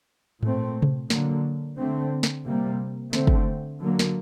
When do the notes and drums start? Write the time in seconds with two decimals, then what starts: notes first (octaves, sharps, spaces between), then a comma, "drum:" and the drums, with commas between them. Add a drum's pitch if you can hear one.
0.43 A#2 A3 C4, drum: tom G#2
0.82 drum: tom C3
1.10 D3 F#3 A#3, drum: snare
1.78 D3 A3 C4
2.23 drum: snare
2.45 C3 G3 A#3
3.13 D3 A3 C4, drum: snare
3.27 drum: kick
3.81 D3 F#3 A#3
3.99 drum: snare